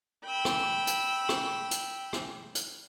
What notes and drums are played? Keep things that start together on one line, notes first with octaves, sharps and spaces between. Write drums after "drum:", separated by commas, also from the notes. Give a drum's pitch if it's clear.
G5 B5 E6
drum: rim click
drum: hi-hat
drum: rim click
drum: hi-hat
drum: rim click
drum: hi-hat